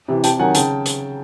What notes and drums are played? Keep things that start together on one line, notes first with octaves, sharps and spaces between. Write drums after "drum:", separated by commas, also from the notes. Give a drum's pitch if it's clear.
C3 E3
C3 G5 A5, drum: hi-hat
D#3 F#3 F#5 G#5
C#3 G5 A5, drum: hi-hat
drum: hi-hat